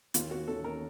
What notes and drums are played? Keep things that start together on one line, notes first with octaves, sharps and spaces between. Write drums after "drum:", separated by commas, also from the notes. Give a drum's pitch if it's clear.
D#2 F4, drum: hi-hat
F#4
D#3 A#3 C#4 A4
A#4